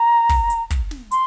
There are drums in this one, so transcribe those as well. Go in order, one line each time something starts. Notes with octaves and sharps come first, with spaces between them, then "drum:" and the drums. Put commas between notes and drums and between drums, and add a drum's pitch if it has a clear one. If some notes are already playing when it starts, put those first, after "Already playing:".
Already playing: A#5
drum: kick, open hi-hat
drum: hi-hat
drum: kick, hi-hat
drum: snare
C6, drum: hi-hat